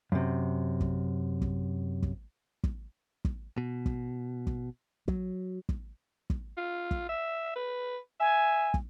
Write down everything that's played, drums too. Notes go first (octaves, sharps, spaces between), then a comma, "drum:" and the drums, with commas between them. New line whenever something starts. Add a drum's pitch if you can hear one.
F#2 C3
drum: kick
drum: kick
drum: kick
drum: kick
drum: kick
B2
drum: kick
drum: kick
F#3, drum: kick
drum: kick
drum: kick
F4
drum: kick
E5
B4
E5 G#5
drum: kick